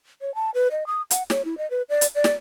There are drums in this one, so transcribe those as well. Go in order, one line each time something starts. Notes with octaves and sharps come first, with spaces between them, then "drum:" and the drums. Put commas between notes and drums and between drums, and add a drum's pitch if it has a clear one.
C#5
A5
B4
D#5
D#6
F#5, drum: hi-hat
C#5, drum: snare
E4
D#5
B4
D5
drum: hi-hat
D5
drum: snare